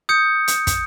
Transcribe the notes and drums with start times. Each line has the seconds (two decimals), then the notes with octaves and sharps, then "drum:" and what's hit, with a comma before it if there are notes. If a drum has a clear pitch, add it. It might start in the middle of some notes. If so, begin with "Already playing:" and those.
0.09 D#6 G6 C#7
0.48 drum: hi-hat
0.67 drum: kick, hi-hat